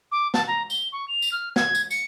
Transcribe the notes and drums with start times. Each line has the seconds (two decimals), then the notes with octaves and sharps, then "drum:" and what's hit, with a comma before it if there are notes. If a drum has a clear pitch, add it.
0.12 D6
0.34 A5, drum: snare
0.47 A#5
0.70 G7, drum: tambourine
0.92 C#6
1.08 F7
1.22 drum: tambourine
1.32 F6
1.56 G#6, drum: snare
1.75 drum: tambourine
1.91 C#7, drum: tambourine